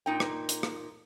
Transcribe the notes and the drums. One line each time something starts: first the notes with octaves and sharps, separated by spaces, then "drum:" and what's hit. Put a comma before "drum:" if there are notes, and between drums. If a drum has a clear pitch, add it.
A#2 D#4 G5
drum: rim click
drum: hi-hat
drum: rim click